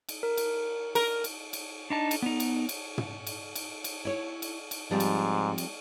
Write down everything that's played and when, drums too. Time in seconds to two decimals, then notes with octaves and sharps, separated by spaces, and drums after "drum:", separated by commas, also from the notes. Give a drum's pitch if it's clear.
0.09 drum: cymbal
0.23 A#4
0.37 drum: cymbal
0.95 A#4, drum: cymbal
1.24 drum: cymbal
1.53 drum: cymbal
1.90 D4 D#4 A5
2.11 drum: cymbal
2.22 B3 D#4
2.40 drum: cymbal
2.69 drum: cymbal
2.98 drum: tom
3.27 drum: cymbal
3.55 drum: cymbal
3.84 drum: cymbal
4.05 E4 C#5
4.42 drum: cymbal
4.71 drum: cymbal
4.91 G#2 F3 G3 C4
5.00 drum: cymbal
5.58 drum: cymbal